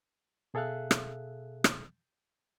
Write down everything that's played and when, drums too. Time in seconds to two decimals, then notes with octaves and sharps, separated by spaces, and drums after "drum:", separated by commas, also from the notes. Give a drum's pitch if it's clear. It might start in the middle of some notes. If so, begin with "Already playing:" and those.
0.54 B2 G#4 A4 E5 F5 F#6
0.91 drum: rim click
1.64 drum: rim click